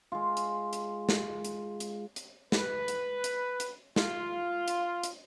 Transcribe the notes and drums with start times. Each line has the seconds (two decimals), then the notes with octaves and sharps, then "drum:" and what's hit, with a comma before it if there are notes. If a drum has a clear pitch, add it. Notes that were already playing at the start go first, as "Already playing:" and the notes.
0.12 G#3 F4
0.37 drum: hi-hat
0.73 drum: hi-hat
1.09 drum: snare
1.45 drum: hi-hat
1.80 drum: hi-hat
2.16 drum: hi-hat
2.52 B4, drum: snare
2.88 drum: hi-hat
3.24 drum: hi-hat
3.60 drum: hi-hat
3.96 F4, drum: snare
4.68 drum: hi-hat
5.03 drum: hi-hat